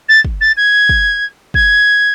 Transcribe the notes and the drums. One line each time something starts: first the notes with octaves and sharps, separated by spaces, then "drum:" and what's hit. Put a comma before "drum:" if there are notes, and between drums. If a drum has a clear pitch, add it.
A6
drum: kick
A6
G#6
drum: kick
G#6, drum: kick